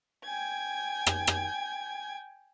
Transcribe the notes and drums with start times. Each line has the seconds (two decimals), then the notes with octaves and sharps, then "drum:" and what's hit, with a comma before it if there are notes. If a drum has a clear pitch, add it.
0.23 G5 G#5 G#6
1.07 drum: rim click
1.27 drum: rim click